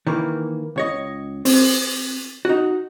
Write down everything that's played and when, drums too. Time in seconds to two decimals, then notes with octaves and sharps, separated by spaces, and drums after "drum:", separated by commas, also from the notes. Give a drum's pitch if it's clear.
0.07 D#3 E3 A#3
0.76 C#2 C#5 D#5
1.45 C4, drum: open hi-hat
2.45 D#4 F#4